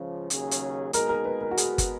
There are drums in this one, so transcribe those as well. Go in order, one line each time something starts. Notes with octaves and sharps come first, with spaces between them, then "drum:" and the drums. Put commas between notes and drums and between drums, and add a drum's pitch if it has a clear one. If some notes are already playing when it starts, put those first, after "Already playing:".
Already playing: C#2 C#3 F3
D#2 C#3 F#3 C#4 G#4, drum: hi-hat
drum: hi-hat
B2 G#3 D#4 G#4 A#4, drum: hi-hat
A#4
B4
A#4
F#4
B2 G#3 B3 G#4, drum: hi-hat
drum: kick, hi-hat